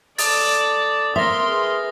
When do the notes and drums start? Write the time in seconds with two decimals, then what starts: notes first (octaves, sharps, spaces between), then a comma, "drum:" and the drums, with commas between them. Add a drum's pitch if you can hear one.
0.18 A4 D5 A5 D#6 A6, drum: open hi-hat
1.16 A#3 A#4 C5 E5 C6 D#6 A#6
1.46 G#4 B4